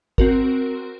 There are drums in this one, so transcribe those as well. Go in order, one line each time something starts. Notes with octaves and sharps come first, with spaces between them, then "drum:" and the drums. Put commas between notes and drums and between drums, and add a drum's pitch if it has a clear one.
C4 F#4 A#4, drum: kick G#1